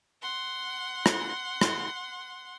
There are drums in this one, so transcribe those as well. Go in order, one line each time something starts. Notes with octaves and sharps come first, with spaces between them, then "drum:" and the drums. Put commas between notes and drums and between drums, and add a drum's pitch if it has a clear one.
F#5 C6
drum: rim click
drum: rim click